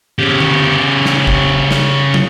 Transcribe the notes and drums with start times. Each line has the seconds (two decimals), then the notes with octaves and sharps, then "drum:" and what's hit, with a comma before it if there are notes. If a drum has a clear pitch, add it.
0.19 C#3 G4
0.40 drum: tom D3
1.06 drum: snare
1.27 drum: kick
1.71 drum: snare
2.14 drum: tom